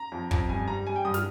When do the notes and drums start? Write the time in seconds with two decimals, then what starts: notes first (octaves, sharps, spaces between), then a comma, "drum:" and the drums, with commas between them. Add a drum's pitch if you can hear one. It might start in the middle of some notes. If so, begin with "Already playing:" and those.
Already playing: A#5
0.12 F2
0.31 F2, drum: kick
0.49 G2 G#5
0.68 G3 A#5
0.86 G3 G#5
0.96 G5
1.05 G2 D#6
1.14 F6, drum: snare